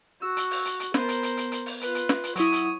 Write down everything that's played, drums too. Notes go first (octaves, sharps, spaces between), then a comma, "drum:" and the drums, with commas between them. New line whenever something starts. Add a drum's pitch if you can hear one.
F#4 E6
drum: hi-hat
drum: open hi-hat
drum: hi-hat
drum: hi-hat
B3 A#4 C5, drum: snare
drum: hi-hat
drum: hi-hat
drum: hi-hat
drum: hi-hat
drum: open hi-hat
F4 B4, drum: hi-hat
drum: hi-hat
drum: snare
drum: hi-hat
F#3 E4 C#5 D#6, drum: hi-hat
drum: hi-hat